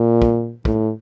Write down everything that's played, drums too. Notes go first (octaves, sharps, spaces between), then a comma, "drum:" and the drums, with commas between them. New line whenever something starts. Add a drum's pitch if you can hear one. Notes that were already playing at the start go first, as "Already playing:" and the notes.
Already playing: A#2
drum: kick
A2, drum: kick